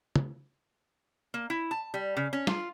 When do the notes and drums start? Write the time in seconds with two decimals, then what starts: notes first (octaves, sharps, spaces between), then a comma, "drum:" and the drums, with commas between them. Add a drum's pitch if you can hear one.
0.16 drum: tom
1.34 A#3
1.50 E4
1.71 A5
1.94 G3
2.17 C#3
2.33 C#4
2.47 F4, drum: snare